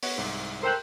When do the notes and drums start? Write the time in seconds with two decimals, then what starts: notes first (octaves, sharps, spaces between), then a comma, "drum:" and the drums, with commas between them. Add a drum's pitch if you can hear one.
0.03 B3 C#5 F#5, drum: open hi-hat
0.18 C2 G#2
0.63 G4 A4 A#4 C5 F#6